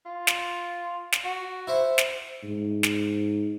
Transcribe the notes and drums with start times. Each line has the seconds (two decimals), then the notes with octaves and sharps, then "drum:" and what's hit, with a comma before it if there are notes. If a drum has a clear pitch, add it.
0.06 F4
0.27 drum: snare
1.12 drum: snare
1.25 F#4
1.67 E4 C5 E5
1.98 drum: snare
2.44 G#2
2.83 drum: snare